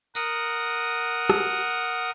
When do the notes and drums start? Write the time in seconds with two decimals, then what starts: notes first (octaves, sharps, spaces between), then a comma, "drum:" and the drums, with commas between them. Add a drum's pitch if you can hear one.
0.15 A#4 F#5 D#6, drum: tambourine
1.30 drum: rim click